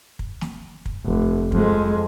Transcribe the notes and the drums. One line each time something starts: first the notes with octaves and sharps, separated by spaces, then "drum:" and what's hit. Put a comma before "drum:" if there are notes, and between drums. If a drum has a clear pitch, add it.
drum: kick
drum: snare
drum: kick
F1
F2 G#3, drum: kick